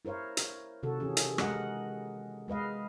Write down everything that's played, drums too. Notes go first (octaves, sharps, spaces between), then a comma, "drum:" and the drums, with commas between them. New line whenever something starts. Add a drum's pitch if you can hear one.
E4 A#4 C5 C#5 F5
drum: hi-hat
C3 D#3 F#4 A4
D#3 E3 C#4 G#4
drum: hi-hat
G#3 A#4 D#5 F#5, drum: rim click
G#3 B4 D#5 F5